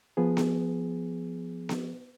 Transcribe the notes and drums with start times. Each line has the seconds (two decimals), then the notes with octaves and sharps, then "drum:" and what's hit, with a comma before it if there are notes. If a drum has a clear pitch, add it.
0.17 F3 B3 G#4
0.37 drum: snare B3
1.69 drum: snare B3